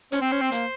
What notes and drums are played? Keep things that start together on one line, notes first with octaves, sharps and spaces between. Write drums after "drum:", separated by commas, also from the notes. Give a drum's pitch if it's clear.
C#4 C5, drum: hi-hat
C4
C#4
C4
A#3, drum: hi-hat